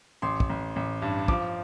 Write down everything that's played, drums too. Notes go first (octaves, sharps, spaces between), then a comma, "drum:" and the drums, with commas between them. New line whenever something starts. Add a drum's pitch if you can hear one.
A1 C6
drum: kick
A1
A1
G2
F3 D6, drum: kick